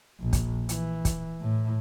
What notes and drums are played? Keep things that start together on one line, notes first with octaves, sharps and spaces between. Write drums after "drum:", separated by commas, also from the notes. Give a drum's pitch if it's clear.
A#1
drum: kick, hi-hat
E3, drum: hi-hat
drum: kick, hi-hat
A2